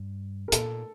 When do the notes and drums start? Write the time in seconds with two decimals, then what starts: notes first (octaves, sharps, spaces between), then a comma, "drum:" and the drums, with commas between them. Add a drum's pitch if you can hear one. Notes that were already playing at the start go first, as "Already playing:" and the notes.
Already playing: G2
0.48 A#4
0.52 A#2 A4, drum: hi-hat